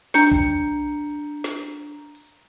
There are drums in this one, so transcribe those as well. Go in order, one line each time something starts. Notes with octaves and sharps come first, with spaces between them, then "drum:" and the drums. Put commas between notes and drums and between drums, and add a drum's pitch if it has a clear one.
D4 A#5 G6 C#7, drum: snare
drum: kick B1
drum: snare
drum: open hi-hat